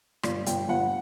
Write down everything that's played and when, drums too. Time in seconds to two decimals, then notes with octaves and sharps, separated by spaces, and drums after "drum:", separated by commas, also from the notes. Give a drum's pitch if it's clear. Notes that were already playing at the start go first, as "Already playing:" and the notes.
0.23 G1 D5, drum: rim click
0.46 G1 G5, drum: hi-hat
0.68 G1 F#5